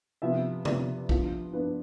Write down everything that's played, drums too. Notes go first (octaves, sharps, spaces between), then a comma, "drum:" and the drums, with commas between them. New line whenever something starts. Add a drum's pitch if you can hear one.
C3 F3 B3 E5
C3 F3 B3 D5, drum: tom C#3
F3 B3 D4 F4, drum: kick
F3 B3 D4 F4 B4